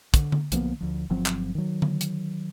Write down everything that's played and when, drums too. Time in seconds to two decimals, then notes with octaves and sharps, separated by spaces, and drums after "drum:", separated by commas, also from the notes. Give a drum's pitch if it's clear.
0.14 D3, drum: kick, hi-hat
0.32 drum: tom D3
0.52 B1 F3 A#3 B3, drum: hi-hat
0.80 D2 F3
1.10 G1 F3 F#3 C4
1.26 drum: clap
1.55 D#3 F#3
1.82 drum: tom D3
2.01 drum: hi-hat